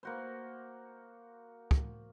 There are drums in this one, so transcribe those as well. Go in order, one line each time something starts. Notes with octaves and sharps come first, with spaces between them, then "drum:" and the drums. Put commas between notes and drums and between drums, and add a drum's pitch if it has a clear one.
A#3 F#4 C5
drum: kick